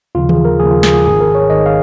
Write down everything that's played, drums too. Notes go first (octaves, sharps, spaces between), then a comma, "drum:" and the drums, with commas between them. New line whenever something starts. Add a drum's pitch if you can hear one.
D#2 C#3 F3 F4
G#4, drum: tom D#3
A#4
D#2 C#3 F3 G#4
F4
G#4, drum: snare
G#4
G#1 G#2 D#3 G#4
A#4
C#5
G#1 G#2 D#3 D#5
F5